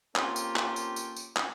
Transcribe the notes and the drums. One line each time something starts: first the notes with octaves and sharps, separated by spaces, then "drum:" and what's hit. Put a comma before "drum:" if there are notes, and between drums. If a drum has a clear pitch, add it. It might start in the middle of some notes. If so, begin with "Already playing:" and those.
A#3 C4 C#4 F4 G4 A4, drum: clap
drum: tambourine
drum: clap
drum: tambourine
drum: tambourine
drum: tambourine
drum: clap